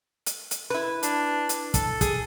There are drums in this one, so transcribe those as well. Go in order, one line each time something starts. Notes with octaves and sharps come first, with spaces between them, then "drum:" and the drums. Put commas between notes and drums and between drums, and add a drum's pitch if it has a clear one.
drum: hi-hat
drum: hi-hat
E4 B4
D4, drum: hi-hat
drum: hi-hat
A4, drum: kick, hi-hat
G#4, drum: kick, hi-hat